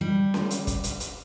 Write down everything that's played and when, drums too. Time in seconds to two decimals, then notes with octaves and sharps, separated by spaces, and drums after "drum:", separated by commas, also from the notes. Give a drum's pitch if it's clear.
0.01 G3
0.34 drum: snare C#4
0.50 drum: hi-hat
0.67 drum: kick, hi-hat
0.84 drum: hi-hat
1.00 drum: hi-hat